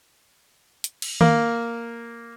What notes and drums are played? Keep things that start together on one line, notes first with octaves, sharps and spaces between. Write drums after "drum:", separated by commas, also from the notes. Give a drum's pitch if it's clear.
drum: hi-hat
drum: cymbal
A#3, drum: tom D#3